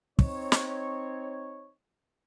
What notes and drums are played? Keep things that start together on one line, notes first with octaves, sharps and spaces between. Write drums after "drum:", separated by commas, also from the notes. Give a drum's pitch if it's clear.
C4 D#4 C#5, drum: kick
drum: snare